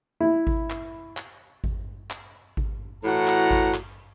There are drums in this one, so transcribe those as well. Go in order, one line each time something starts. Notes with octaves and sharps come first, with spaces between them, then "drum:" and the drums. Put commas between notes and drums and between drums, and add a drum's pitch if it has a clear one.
E4
drum: kick G#1
drum: clap
drum: clap
drum: kick G#1
drum: clap
drum: kick G#1
A2 E3 F#4 F#5 A5 A#5
drum: clap
drum: kick G#1
drum: clap